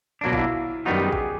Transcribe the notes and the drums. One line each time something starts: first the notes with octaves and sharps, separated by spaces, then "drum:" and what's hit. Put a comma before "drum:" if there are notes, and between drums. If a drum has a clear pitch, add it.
B2 F#3 A#3 D4
F4, drum: kick
E4
F#2 D#3 G3 B3 D#4 F#4
G4
G#4
G4, drum: kick
G#4